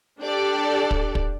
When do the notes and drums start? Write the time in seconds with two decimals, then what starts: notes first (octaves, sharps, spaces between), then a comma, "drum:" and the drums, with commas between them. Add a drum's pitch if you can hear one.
0.21 D4 G4 A4 D5
0.91 drum: kick
1.15 drum: kick